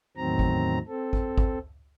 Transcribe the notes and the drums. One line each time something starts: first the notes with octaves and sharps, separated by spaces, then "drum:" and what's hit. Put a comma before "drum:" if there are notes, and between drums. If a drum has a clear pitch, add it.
E2 A2 D#3 F#3 C4 A#5
drum: kick
C4 A4
drum: kick
drum: kick